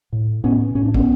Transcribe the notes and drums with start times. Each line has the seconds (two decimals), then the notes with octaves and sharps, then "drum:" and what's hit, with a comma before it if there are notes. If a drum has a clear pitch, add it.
0.13 A2
0.44 A2 B3 C#4
0.75 A2 C#4
0.85 D4
0.94 B3 C#4, drum: kick